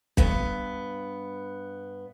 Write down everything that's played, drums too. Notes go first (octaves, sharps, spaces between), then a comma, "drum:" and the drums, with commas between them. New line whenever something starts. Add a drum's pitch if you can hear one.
G2 B3, drum: kick